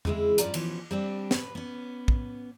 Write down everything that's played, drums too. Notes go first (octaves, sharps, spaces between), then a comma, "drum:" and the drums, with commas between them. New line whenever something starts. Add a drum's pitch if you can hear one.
C#3 E3 G#3 C4 E4, drum: tom E2
G2 F3 C#4 D#4 D5 A#5, drum: hi-hat
B2 E3 F3 C#4, drum: cymbal
G3 C4 D4
B4, drum: snare
B3 C#4
drum: kick